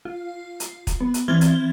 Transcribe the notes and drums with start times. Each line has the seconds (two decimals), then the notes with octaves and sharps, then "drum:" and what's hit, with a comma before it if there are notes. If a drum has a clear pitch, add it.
0.05 F4
0.60 drum: hi-hat
0.87 drum: kick, hi-hat
1.00 B3
1.14 drum: hi-hat
1.28 E3 C4 F6 G#6 A6 G7
1.41 drum: hi-hat